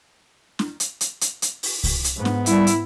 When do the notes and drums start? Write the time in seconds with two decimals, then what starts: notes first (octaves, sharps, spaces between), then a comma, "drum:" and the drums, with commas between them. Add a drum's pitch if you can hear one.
0.59 drum: snare
0.80 drum: hi-hat
1.01 drum: hi-hat
1.21 drum: hi-hat
1.42 drum: hi-hat
1.63 drum: open hi-hat
1.84 drum: kick C2, open hi-hat
2.04 drum: hi-hat
2.16 G#2 B3
2.25 drum: snare
2.46 G3 E4, drum: hi-hat
2.67 drum: hi-hat